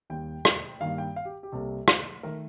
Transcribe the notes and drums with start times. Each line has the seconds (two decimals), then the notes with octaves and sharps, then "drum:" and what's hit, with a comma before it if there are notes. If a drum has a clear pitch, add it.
0.10 D#2 D#3 G3 G5
0.45 drum: rim click
0.80 G2 D#3 G3 A#3 F5
0.98 G5
1.16 F5
1.25 G4
1.43 G4
1.52 C2 C3 G3 A#3 A4
1.88 drum: rim click
2.23 D#3 A3 A#4